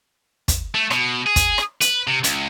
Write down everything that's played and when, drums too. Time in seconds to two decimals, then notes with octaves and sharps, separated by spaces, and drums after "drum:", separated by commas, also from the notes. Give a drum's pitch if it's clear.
0.48 drum: kick, hi-hat
0.75 A3
0.91 B2, drum: rim click
1.27 G#4
1.36 drum: kick, hi-hat
1.58 drum: rim click
1.81 B4, drum: hi-hat
2.08 C3
2.24 C#2, drum: hi-hat